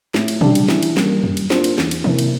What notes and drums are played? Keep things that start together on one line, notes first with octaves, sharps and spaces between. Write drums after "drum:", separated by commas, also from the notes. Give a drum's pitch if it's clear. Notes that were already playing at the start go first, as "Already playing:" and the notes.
A2, drum: snare
drum: cymbal
G3 D4, drum: tom
drum: cymbal
E3, drum: snare
drum: cymbal
G3 A#3, drum: snare
G3, drum: tom F2
drum: cymbal
A#3 D4 F4 C5, drum: snare
drum: cymbal
E2, drum: snare
drum: cymbal
C3 E3 A#3, drum: tom
drum: cymbal